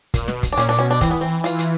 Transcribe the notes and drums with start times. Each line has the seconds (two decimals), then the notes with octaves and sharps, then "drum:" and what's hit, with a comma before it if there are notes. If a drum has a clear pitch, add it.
0.14 A#2, drum: kick, hi-hat
0.28 B2, drum: snare
0.43 drum: kick, hi-hat
0.52 D4
0.57 A#2 C#4, drum: hi-hat
0.69 D4
0.78 B2 C#4
0.90 D4
1.01 E3 C4, drum: kick, hi-hat
1.11 B3
1.21 C4
1.44 F4, drum: hi-hat
1.58 drum: hi-hat